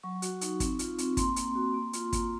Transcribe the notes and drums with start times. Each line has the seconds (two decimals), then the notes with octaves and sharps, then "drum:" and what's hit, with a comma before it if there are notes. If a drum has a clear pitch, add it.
0.03 F#3 C#6
0.22 F#4, drum: hi-hat
0.41 D#4, drum: hi-hat
0.60 C4, drum: kick, hi-hat
0.79 F4, drum: hi-hat
0.98 C4, drum: hi-hat
1.17 A#3 C6, drum: kick, hi-hat
1.36 A#3, drum: hi-hat
1.55 F#4
1.74 A#3
1.93 F4, drum: hi-hat
2.13 A#3, drum: kick, hi-hat